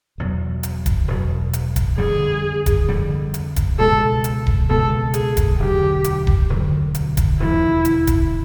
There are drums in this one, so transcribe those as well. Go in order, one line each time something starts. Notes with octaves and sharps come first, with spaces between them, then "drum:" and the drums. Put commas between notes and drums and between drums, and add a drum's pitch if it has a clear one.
E1 E2 B2 F#3
drum: hi-hat
drum: kick D#1, hi-hat
E1 E2 B2 F#3
drum: hi-hat
drum: kick D#1, hi-hat
F2 D3 G3 G#4
drum: kick D#1, hi-hat
F2 D3 G3
drum: hi-hat
drum: kick D#1, hi-hat
C#2 B2 G#3 B3 A4
drum: hi-hat
drum: kick D#1
C#2 B2 G#3 B3 A4
G#4, drum: hi-hat
drum: kick D#1, hi-hat
E1 D2 D3 F#3 G4
drum: hi-hat
drum: kick D#1
E1 D2 D3 F#3
drum: hi-hat
drum: kick D#1, hi-hat
E1 D#2 D3 F3 E4
drum: hi-hat
drum: kick D#1, hi-hat